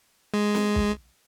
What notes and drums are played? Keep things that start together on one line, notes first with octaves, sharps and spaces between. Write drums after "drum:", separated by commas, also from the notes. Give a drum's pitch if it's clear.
G#3
drum: snare
drum: kick